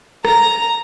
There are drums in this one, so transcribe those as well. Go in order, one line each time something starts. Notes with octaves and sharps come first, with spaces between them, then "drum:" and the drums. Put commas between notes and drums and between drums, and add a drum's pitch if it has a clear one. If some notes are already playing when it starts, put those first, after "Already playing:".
A#5, drum: rim click